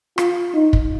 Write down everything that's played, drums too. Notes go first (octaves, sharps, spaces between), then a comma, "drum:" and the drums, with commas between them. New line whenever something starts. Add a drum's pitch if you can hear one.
F4, drum: rim click
D#4
drum: kick